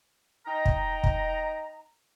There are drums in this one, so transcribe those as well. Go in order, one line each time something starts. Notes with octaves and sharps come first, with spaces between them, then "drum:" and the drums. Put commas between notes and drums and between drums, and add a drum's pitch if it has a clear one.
D#4 D#5 G5 A#5
drum: kick
drum: kick